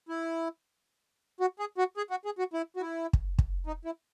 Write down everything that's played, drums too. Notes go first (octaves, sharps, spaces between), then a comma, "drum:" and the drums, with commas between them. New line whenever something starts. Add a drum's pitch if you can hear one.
E4
F#4
G#4
F#4
G#4
F#4
G#4
F#4
E4
F#4
E4
drum: kick
drum: kick
D#4
E4